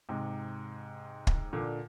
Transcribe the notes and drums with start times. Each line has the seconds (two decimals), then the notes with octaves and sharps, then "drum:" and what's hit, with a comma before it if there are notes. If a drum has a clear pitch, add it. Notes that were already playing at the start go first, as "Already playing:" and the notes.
0.09 G#2 C3
1.27 drum: kick
1.53 A#2 D3